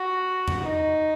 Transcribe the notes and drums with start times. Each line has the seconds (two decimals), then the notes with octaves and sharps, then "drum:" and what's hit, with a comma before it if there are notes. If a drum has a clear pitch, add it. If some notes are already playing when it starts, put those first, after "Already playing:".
Already playing: F#4
0.48 drum: tom E2
0.62 D#4